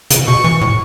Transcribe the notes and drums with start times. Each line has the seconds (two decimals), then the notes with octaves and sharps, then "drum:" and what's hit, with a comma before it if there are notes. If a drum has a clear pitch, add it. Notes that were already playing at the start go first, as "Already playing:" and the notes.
0.11 C#3, drum: hi-hat
0.28 B2 C#6
0.44 E3
0.61 A2